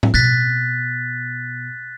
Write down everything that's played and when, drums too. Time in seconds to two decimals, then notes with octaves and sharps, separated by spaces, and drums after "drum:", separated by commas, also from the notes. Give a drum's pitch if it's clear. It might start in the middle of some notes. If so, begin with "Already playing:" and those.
0.03 drum: tom
0.14 B2 F#6 A6 B6